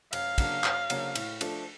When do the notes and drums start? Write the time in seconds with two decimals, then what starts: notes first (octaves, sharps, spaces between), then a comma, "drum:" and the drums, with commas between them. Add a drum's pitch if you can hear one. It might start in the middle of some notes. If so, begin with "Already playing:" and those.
0.13 F#2 F5, drum: cymbal
0.38 C#3 F#3 A#3 D4, drum: kick, cymbal
0.64 F#2, drum: clap
0.90 C#3 F#3 A#3 D4, drum: cymbal
1.15 A2, drum: cymbal
1.41 F3 A3 D4, drum: cymbal